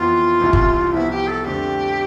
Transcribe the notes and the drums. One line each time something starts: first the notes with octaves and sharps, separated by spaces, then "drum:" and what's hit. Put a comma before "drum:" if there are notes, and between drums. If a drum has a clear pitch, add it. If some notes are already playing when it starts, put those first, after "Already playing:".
Already playing: F2 E3 B3 F4
C2 C3 E3
drum: kick
C2 C3 F3 B3 E4
G4
A4
F2 D3 A3 C4 G4